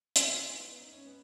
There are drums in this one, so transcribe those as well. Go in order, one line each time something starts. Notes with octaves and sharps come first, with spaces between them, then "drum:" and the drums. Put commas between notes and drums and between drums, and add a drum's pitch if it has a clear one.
F#4, drum: hi-hat
E4
D#4
B3
D#4
C#4
B3